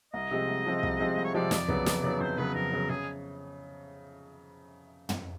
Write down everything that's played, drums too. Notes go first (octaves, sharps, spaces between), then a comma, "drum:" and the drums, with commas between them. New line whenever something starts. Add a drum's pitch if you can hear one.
C2 D#5
C3 F3 G#3 C4
C2
C3 F3 G#3 C4
C2, drum: kick
C3 F3 G#3 C4
C2
C#5
C3 F3 G#3 C4 D5
F2, drum: snare
C#3 F#3 B3, drum: kick
F2, drum: snare
C#3 F#3 B3
F2 C5
C#3 F#3 B3 B4
F2 A#4
C#3 F#3 B3
C#3 G#4
drum: tom